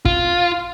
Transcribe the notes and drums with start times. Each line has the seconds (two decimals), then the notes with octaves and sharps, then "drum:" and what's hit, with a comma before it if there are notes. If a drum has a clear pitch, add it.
0.05 F4, drum: kick